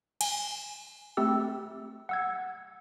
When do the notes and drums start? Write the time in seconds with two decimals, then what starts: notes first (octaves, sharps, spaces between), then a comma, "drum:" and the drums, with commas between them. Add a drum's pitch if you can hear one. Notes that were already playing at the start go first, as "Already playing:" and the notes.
0.21 G#5, drum: cymbal
1.17 A3 C4 G4 E6
2.09 F#5 E6 G#6